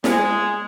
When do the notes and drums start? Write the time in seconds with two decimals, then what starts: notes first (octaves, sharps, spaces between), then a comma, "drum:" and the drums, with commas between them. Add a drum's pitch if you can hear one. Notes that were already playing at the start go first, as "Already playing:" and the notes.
0.04 G#3, drum: snare